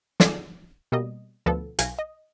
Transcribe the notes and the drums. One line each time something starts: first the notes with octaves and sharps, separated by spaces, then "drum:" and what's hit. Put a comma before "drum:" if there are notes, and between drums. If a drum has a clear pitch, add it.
F4 G#4 A4 D5 D#5, drum: snare
B2 G3 A#3 D#5
D2 B2 F3 B3 A4
B1 F5 G#5 A#6, drum: hi-hat
D#5